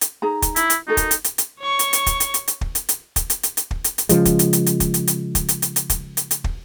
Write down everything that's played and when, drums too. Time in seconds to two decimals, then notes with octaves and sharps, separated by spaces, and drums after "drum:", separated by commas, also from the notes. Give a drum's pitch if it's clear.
0.01 drum: hi-hat
0.22 D#4 G#4 A#5
0.42 drum: kick, hi-hat
0.56 E4, drum: hi-hat
0.70 drum: hi-hat
0.88 D#4 F#4 A4 A#4
0.97 drum: kick, hi-hat
1.11 drum: hi-hat
1.24 drum: hi-hat
1.38 drum: hi-hat
1.60 C#5 C#6
1.79 drum: hi-hat
1.93 drum: hi-hat
2.07 drum: kick, hi-hat
2.20 drum: hi-hat
2.34 drum: hi-hat
2.48 drum: hi-hat
2.61 drum: kick
2.75 drum: hi-hat
2.89 drum: hi-hat
3.16 drum: kick, hi-hat
3.30 drum: hi-hat
3.43 drum: hi-hat
3.57 drum: hi-hat
3.71 drum: kick
3.84 drum: hi-hat
3.98 drum: hi-hat
4.09 C#3 F3 G#3, drum: hi-hat
4.25 drum: kick, hi-hat
4.39 drum: hi-hat
4.53 drum: hi-hat
4.66 drum: hi-hat
4.80 drum: kick, hi-hat
4.94 drum: hi-hat
5.07 drum: hi-hat
5.35 drum: kick, hi-hat
5.49 drum: hi-hat
5.62 drum: hi-hat
5.76 drum: hi-hat
5.90 drum: kick, hi-hat
6.17 drum: hi-hat
6.31 drum: hi-hat
6.44 drum: kick